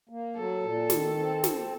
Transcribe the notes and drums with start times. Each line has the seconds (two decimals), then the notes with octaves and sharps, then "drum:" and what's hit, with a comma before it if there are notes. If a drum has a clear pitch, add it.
0.09 A#3
0.36 F#3 A4
0.63 A#2
0.90 D#3, drum: snare
1.17 C4
1.44 drum: snare